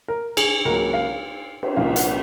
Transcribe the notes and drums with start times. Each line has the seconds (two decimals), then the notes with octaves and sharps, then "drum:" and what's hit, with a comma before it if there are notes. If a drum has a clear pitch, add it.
0.08 A#4
0.37 G#4, drum: cymbal
0.65 C#2 C#3 F#3 A#3 C#4 A#4
0.93 F5
1.63 drum: cymbal
1.76 C2 A#2 F3 A#3 D#4 F5
1.96 F#5, drum: hi-hat